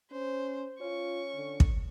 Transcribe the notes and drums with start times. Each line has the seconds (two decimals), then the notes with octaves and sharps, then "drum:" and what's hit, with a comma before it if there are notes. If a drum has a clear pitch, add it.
0.11 C#4 C5
0.81 C#4 F4 C#6
1.35 D3
1.60 drum: kick